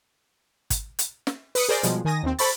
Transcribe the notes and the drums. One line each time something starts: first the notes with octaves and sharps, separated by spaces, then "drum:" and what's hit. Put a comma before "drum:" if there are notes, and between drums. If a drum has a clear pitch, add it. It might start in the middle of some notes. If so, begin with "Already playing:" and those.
drum: kick, hi-hat
drum: hi-hat
drum: snare
B4 D#6 C#7, drum: open hi-hat
G#4 A#4 C5 D5
B2 F3 G3 G#3, drum: hi-hat
D#3 G#5 D#6 A#6
D#2 C4
A4 C5 B5 C#6 A6, drum: open hi-hat